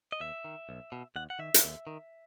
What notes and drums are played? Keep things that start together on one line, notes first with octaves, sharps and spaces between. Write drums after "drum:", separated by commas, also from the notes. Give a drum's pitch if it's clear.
D#5
D#2 E5
D#3
B1
B2
D#2 F#5
F#5
D#3 E5
drum: hi-hat
D#2
D#3